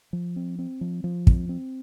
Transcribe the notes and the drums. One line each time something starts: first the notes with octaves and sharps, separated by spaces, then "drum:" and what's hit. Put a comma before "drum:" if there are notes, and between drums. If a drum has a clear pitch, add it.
F3
C4
C4
F3
F3
C4, drum: kick
C4